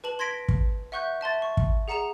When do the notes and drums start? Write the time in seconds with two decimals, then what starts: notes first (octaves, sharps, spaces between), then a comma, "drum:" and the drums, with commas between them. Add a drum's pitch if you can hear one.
0.04 B4 A5 F#7
0.19 C6 G#6 A#6 B6 D7
0.49 drum: kick
0.92 E5 F#5 C#6 F#6 G6
1.21 E5 A5 C6 A6
1.42 C#6
1.57 drum: kick
1.88 G#4 F#5 A#5 C#7 E7 F7